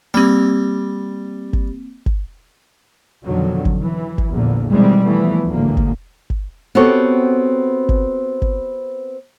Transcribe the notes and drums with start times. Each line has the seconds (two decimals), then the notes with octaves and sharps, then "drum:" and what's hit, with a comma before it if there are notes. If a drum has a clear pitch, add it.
0.14 G3 A#3 C4
1.53 drum: kick G1
2.06 drum: kick G1
3.25 F2 B2 D3 D#3 F#3
3.65 drum: kick G1
3.81 E3
4.18 drum: kick G1
4.32 A#1 E2 D3 A#3
4.71 B2 D#3 E3 G3 G#3 C4
5.04 E3 F3 A3 B3
5.47 A1 D2 G#2 D3 A#3
5.77 drum: kick G1
6.30 drum: kick G1
6.75 B3 C4 F#4 G4 A4 C#5
7.89 drum: kick G1
8.42 drum: kick G1